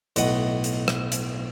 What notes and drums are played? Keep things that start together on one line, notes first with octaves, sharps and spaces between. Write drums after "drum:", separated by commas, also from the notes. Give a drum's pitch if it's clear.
B1 A2 D#5 F#5 D#6, drum: hi-hat
drum: hi-hat
drum: rim click
drum: hi-hat